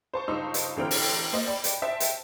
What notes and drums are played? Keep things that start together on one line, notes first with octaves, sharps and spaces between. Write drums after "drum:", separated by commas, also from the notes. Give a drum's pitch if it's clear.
C5 A5 C#6
C#2 G2 D#4 C5 C#6 E6
drum: hi-hat
A1 D3 C4 G5 A#5 F6
drum: open hi-hat
A#3 C5 D#5
D5 G5 B5
drum: hi-hat
C5 E5 G5 A5
drum: hi-hat